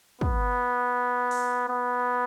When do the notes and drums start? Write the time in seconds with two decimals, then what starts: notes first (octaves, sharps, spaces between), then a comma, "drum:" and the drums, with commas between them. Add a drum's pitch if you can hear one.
0.21 B3, drum: kick
1.31 drum: open hi-hat
1.68 B3